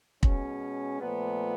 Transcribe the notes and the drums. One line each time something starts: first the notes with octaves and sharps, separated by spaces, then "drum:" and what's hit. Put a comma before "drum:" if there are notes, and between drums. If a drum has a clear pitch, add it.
B2 G#3 C#4, drum: kick
A#2 F3 A3 B3